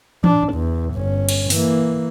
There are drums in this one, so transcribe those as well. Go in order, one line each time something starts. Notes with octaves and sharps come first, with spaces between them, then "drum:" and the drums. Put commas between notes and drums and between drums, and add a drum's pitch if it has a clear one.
D4, drum: tom E3
E2
G1 C#4
drum: cymbal
E3 A#3, drum: open hi-hat